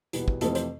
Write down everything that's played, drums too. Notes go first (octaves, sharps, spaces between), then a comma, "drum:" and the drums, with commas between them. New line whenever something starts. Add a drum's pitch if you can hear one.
E2 B2 G3 B3, drum: hi-hat
drum: kick
F2 C3 E3 A3 C4 A4, drum: hi-hat
C5, drum: hi-hat